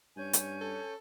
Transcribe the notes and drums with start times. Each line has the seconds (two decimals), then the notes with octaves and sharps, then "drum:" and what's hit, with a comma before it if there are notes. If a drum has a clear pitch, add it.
0.17 G2 C#4 G#5 G6
0.33 drum: hi-hat
0.61 A4